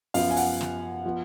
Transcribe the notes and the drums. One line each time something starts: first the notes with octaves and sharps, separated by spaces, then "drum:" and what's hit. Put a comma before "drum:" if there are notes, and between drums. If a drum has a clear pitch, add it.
F#2 F3 B3 F5, drum: open hi-hat
G#5
F#5, drum: open hi-hat
drum: snare
F3 B3